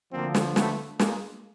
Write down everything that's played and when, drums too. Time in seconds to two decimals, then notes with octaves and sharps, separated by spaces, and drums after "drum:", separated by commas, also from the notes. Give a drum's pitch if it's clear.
0.13 D2 D3 F3 A#3 C4
0.35 drum: snare
0.56 A3 B3, drum: snare
0.99 G#3 A#3, drum: snare